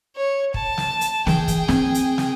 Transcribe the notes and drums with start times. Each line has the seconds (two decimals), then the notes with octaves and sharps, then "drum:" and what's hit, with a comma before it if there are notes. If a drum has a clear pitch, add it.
0.16 C#5
0.54 A5, drum: kick
0.78 drum: snare
1.01 drum: hi-hat
1.27 E3 G#4 G5, drum: snare
1.48 drum: kick, hi-hat
1.68 C4, drum: snare
1.94 drum: hi-hat
2.18 drum: snare